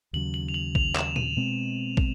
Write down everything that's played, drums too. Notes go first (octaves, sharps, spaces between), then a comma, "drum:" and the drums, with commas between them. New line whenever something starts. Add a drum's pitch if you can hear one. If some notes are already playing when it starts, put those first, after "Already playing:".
D#2 C#3 F#3 F#7
F#7
F7
F#7
F7, drum: kick
E7, drum: clap
D#7, drum: tom A#2
B2 G#3 C4
drum: kick